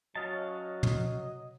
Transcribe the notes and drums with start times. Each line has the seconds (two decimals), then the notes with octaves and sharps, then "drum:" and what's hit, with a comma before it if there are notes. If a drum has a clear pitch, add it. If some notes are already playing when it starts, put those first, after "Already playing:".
0.15 F#3 C#4 D#5 F5 A5
0.83 drum: tom